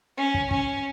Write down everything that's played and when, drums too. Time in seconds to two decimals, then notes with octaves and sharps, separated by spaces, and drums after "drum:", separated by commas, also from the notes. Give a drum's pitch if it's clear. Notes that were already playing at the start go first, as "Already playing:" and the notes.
0.17 C#4
0.34 drum: kick
0.51 C#4, drum: kick